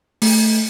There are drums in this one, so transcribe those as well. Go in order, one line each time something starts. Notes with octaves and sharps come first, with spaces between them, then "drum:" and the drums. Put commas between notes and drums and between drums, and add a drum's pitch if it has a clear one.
A3, drum: open hi-hat